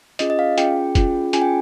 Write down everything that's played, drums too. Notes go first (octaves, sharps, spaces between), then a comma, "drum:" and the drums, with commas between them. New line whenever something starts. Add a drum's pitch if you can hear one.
C#4 F4 G#4 D#5, drum: hi-hat
D#5
F5
C#4 F4 G#4 G5, drum: hi-hat
C#4 F4 G#4, drum: kick, hi-hat
C#4 F4 G#4 G#5, drum: hi-hat
G5